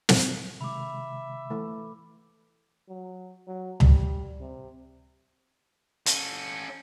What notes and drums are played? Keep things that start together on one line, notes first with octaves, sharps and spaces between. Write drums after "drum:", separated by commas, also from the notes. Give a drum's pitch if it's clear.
drum: snare
C3 D#3 G#3 E5 B5 D6
E3 A3
F#3
F#3
G3, drum: tom C#2
C3
C#4 A4, drum: hi-hat